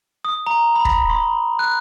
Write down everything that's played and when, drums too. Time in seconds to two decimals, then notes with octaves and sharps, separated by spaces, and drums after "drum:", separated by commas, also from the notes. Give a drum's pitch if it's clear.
0.25 D#6
0.47 A#5
0.75 B5
0.85 drum: kick
1.10 C6
1.59 F#6